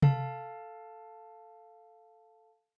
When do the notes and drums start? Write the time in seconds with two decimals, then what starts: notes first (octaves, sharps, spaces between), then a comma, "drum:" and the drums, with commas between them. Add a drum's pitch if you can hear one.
0.02 A4 F5 A5, drum: tom C3